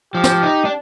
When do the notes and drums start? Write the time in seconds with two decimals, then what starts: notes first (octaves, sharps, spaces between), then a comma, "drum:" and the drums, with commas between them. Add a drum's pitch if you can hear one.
0.14 F3 G4
0.24 drum: snare
0.43 D#4
0.65 D4